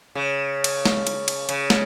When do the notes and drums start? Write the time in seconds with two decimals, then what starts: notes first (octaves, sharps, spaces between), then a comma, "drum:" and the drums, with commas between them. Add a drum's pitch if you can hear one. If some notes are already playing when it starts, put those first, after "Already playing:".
0.15 C#3
0.64 drum: cymbal
0.85 drum: snare
1.07 drum: cymbal
1.28 drum: cymbal
1.49 C#3, drum: cymbal
1.70 drum: snare